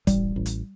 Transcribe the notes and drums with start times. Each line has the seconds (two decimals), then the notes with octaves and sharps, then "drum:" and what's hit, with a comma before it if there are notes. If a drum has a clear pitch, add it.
0.07 A1 G3, drum: kick, hi-hat
0.36 A1
0.46 drum: hi-hat